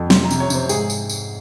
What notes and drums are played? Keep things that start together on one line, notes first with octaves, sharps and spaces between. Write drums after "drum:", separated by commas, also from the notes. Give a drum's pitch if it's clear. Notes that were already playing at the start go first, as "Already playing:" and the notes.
Already playing: F2
C3 C6, drum: snare
A#5
C3, drum: tambourine
C#5
C3 C5, drum: tambourine
G#2 G#4, drum: tambourine
drum: tambourine
drum: tambourine